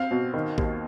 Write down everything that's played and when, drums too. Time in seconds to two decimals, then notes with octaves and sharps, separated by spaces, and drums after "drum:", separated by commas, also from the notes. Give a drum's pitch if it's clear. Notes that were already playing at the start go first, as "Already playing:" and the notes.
Already playing: C4 F5
0.11 B2
0.34 D#3
0.58 D#2, drum: kick A1